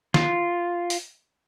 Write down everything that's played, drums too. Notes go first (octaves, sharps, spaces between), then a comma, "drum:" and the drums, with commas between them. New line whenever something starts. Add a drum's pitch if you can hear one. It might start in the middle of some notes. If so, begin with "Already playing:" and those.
F4, drum: snare
drum: open hi-hat